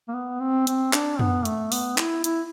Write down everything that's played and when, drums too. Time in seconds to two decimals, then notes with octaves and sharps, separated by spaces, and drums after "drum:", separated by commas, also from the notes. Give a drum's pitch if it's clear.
0.08 A#3
0.14 B3
0.40 C4
0.67 C4, drum: hi-hat
0.93 D4, drum: clap
1.19 B3, drum: tom
1.45 A3, drum: hi-hat
1.72 B3, drum: open hi-hat
1.98 E4, drum: clap
2.24 E4, drum: hi-hat